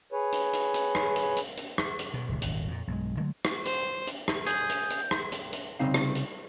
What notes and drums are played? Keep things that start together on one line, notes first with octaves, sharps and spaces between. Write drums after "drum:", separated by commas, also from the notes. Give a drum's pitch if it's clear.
G#4 B4 C#5
drum: hi-hat
drum: hi-hat
drum: hi-hat
drum: rim click
drum: hi-hat
drum: hi-hat
drum: hi-hat
drum: rim click
drum: hi-hat
B2
E1 C#2
D#1 G#1 E2, drum: hi-hat
F2 A#2
B1 G2 G#3
D3 F#3 G#3 A3
drum: rim click
C5, drum: hi-hat
drum: hi-hat
drum: rim click
G#4 G6, drum: hi-hat
drum: hi-hat
drum: hi-hat
drum: rim click
drum: hi-hat
drum: hi-hat
C2 F2 C#3 C4 D#4 F5
drum: rim click
drum: hi-hat